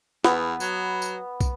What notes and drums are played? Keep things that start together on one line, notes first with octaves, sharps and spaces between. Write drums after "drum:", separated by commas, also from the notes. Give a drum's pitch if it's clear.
E2 B3, drum: snare
F#3, drum: tambourine
drum: tambourine
drum: kick, tambourine